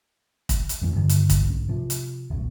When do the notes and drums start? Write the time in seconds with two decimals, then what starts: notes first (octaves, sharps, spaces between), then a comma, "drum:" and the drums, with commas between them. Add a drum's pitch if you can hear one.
0.49 drum: kick, hi-hat
0.69 drum: hi-hat
0.82 F2 G#2 E3
0.96 G2 D3 D#3
1.09 drum: hi-hat
1.30 drum: kick, hi-hat
1.43 B1 G#2
1.69 C3 F3
1.90 drum: hi-hat
2.30 D#1 B1 B2